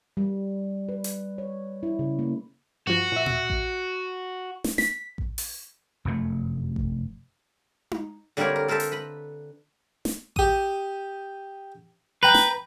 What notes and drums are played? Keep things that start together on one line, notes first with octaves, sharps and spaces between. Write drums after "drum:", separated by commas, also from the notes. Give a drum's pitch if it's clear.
G3
B4
drum: hi-hat
C#5
E4
C#3
A#3
G2 F3 F#4
A#2 E5
drum: tom A#2
drum: kick A1
drum: snare
B6, drum: snare
drum: kick A1
drum: open hi-hat
F1 F#2 A2 A3
drum: kick A1
drum: tom D#4
D3 G3 A#3 C4 A#4 C#5
A#4
A4 A#4 C5 E5 A5
drum: hi-hat
B4 B5
drum: snare
G4 D#6, drum: kick A1
B4 G5 A#5
drum: snare